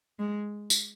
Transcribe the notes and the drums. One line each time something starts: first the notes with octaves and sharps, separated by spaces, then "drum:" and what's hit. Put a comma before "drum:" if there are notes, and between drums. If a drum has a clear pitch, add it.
G#3
drum: tambourine